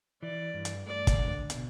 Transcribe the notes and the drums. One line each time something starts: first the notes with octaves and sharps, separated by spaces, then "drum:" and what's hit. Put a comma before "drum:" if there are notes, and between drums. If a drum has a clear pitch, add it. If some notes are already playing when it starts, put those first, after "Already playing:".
E3 D5
G2
drum: hi-hat
A3 D5
drum: kick, hi-hat
D3
B2, drum: hi-hat